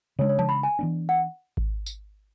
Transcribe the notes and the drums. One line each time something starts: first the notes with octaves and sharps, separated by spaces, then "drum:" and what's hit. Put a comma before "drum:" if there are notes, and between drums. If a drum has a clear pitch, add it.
C#3 G#3 D4 C#5
C#5
A5, drum: tom E3
B5
G#5
E3 B3 D4
F#5
drum: kick G#1
drum: tambourine